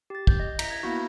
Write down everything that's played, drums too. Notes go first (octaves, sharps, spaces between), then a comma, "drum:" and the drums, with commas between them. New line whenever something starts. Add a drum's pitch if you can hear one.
G4 A6
G6, drum: kick
D#5
A#5 A#6 B6, drum: cymbal
G#6
A#3 B3 E4 F#4